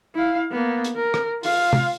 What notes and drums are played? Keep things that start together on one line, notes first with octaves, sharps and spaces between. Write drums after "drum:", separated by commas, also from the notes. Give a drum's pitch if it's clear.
E4 F5
A#3 B3
drum: hi-hat
A#4
drum: rim click
F4 F5, drum: open hi-hat
drum: tom